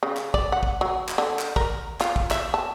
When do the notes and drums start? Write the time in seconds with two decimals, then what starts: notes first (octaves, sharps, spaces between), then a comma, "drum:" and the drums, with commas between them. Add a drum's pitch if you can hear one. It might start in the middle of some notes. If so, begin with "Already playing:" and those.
0.03 C#3
0.17 drum: clap
0.34 D5, drum: kick
0.52 F#5
0.63 drum: kick
0.81 F#3
1.09 drum: clap
1.18 D3
1.39 drum: clap
1.56 A#4, drum: kick
2.01 F4, drum: clap
2.16 drum: kick
2.31 E5, drum: clap
2.54 A5